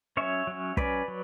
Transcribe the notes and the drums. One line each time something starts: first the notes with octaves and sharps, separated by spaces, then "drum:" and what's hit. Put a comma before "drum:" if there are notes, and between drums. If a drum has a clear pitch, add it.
F#3 C#4 C#5 E5
F#3 C#4
F#3 C#4 B4 D5, drum: kick
F#3